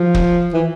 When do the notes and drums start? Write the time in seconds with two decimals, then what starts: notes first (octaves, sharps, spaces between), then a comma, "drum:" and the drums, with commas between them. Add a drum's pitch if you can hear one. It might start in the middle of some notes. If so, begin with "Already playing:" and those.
Already playing: F3
0.14 drum: kick
0.54 E3